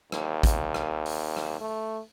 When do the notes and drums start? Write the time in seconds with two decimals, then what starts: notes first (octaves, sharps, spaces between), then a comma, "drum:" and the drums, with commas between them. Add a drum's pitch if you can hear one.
0.12 D#2, drum: rim click
0.43 drum: kick, hi-hat
0.74 drum: rim click
1.06 drum: open hi-hat
1.37 drum: rim click
1.60 A3